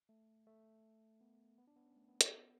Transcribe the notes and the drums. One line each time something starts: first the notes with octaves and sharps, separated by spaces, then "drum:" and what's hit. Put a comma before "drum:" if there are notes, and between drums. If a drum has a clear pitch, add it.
A3
A3
B3
B3
D4
B3
C#4
A3
B3
B3, drum: hi-hat
B3